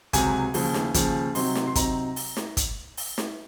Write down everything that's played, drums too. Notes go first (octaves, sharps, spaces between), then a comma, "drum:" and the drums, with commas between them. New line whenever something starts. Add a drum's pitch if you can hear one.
C#2 C3 F#3 G#5, drum: kick, hi-hat
D#2 C#3 F3, drum: open hi-hat
drum: snare
D#2 C#3 F3, drum: kick, hi-hat
C3 F#3 C4 D#4 C6, drum: open hi-hat
drum: snare
C6
C3 F#3 C4 D#4 A#5, drum: kick, hi-hat
drum: open hi-hat
drum: snare
drum: kick, hi-hat
drum: open hi-hat
drum: snare